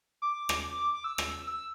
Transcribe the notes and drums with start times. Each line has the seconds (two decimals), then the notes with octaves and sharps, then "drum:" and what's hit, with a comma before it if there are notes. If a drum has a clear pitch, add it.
0.22 D6
0.49 drum: rim click
0.94 D6
1.04 E6
1.18 drum: rim click
1.46 E6